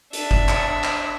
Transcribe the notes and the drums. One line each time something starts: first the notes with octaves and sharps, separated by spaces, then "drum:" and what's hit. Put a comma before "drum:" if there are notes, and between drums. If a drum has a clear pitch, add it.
D4 E5, drum: hi-hat
drum: kick F#1
drum: clap
drum: clap